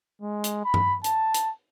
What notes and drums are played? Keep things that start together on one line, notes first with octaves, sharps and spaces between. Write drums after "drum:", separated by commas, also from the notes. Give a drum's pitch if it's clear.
G#3
drum: hi-hat
B5
drum: tom G2
A5, drum: hi-hat
drum: hi-hat